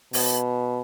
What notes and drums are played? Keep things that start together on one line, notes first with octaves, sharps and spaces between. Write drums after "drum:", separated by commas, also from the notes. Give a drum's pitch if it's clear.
B2, drum: open hi-hat